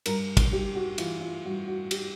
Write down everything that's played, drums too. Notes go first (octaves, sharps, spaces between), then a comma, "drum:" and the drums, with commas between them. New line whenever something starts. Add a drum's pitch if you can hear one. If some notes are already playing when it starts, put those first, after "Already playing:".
G2 A#4, drum: cymbal
drum: kick, cymbal
G2 G4
F#4
E3 F4, drum: cymbal
F4
G2 F#4
F#4
G4, drum: cymbal